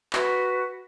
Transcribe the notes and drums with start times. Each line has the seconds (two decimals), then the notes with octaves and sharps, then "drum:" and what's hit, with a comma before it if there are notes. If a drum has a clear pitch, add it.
0.13 F#4 B4, drum: clap